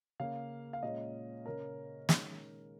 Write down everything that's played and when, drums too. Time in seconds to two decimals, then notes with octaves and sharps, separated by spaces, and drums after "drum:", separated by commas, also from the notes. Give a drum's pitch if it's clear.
0.20 C#3 A#3 C#4 F5
0.73 F5
0.83 A#2 G#3 C#4 D#5
1.46 C#3 A#3 C#4 A#4
2.09 D#3 G#3 C#4, drum: snare